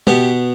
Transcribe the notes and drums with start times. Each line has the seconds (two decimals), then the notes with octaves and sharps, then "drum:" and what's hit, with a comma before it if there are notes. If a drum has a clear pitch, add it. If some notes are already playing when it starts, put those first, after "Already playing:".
0.07 B2 B3 G4, drum: tom